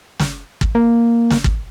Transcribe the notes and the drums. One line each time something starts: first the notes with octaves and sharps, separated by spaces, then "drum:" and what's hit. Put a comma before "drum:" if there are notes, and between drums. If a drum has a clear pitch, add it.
drum: snare
drum: kick
A#3
drum: snare
drum: kick